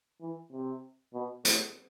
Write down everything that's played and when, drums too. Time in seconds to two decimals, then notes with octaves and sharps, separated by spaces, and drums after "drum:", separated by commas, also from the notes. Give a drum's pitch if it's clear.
0.21 E3
0.53 C3
1.14 B2
1.45 A2, drum: hi-hat